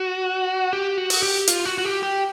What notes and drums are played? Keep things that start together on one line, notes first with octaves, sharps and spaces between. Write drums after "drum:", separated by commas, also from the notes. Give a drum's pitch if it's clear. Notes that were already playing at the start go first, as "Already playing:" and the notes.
Already playing: F#4
G4
F#4
drum: open hi-hat
G4
F4, drum: hi-hat
F#4
F#4
G4
G4